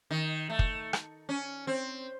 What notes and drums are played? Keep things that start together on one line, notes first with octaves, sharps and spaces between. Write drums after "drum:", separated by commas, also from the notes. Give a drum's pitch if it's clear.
D#3
A3
drum: kick
drum: rim click
C#4
C4